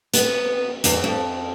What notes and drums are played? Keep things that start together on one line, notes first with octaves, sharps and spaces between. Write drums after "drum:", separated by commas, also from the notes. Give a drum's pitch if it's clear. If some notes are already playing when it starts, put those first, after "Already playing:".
B3, drum: hi-hat
E2, drum: hi-hat
F2